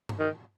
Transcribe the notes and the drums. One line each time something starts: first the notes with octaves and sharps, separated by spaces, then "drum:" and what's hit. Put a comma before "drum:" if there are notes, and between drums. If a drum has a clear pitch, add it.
drum: tom G2
D#3